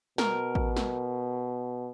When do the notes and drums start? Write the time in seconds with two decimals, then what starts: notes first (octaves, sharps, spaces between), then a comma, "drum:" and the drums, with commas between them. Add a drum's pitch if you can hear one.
0.18 B2 A#4, drum: snare
0.55 drum: kick A1
0.76 drum: snare